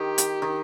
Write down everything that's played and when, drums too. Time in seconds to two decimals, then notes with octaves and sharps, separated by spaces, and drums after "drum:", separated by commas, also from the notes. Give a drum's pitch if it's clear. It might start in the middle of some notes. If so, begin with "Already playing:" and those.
Already playing: D#3 G4
0.18 drum: hi-hat
0.42 D#3